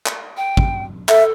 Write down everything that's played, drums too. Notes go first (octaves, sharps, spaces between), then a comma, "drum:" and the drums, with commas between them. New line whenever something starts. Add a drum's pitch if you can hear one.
drum: clap
G5
drum: kick
A4 E5, drum: clap